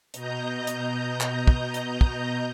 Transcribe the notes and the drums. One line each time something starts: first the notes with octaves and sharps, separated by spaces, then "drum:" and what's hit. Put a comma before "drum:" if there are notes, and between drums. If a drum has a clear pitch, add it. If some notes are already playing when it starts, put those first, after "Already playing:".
B2 D#5 A#5 G6, drum: hi-hat
drum: hi-hat
drum: clap
drum: kick
drum: hi-hat
drum: kick